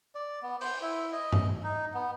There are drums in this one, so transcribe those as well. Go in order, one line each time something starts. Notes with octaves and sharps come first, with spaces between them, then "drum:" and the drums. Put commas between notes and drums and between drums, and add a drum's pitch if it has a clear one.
D5
B3
C5, drum: open hi-hat
E4
D#5
drum: tom G2
D#4
B3